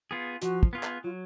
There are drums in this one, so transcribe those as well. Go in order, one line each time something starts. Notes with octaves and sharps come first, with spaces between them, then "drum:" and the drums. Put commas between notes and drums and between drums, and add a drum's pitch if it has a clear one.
B3 F4 G#4
F3 F#4, drum: hi-hat
drum: kick
B3 F4 G#4
drum: clap
F#3 F4